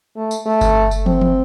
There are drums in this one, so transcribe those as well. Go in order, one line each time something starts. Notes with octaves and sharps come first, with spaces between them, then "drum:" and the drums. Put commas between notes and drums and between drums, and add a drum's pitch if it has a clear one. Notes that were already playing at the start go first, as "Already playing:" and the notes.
A3
drum: tambourine
A3
drum: kick G1, tambourine
drum: tambourine
C4, drum: tom
drum: tom